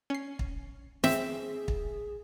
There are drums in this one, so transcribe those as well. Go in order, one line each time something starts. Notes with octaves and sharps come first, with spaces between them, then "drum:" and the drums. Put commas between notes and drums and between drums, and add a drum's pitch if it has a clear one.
C#4 C7
drum: kick
C4 G#4 E5, drum: snare
drum: kick